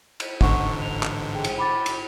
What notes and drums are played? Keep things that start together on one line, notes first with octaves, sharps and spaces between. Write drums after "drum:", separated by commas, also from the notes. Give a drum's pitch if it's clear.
drum: cymbal
A1 G#2 D3 F#5 C#6, drum: kick
F7
drum: clap
G#4 G5
drum: cymbal
B5 D6 A6
drum: cymbal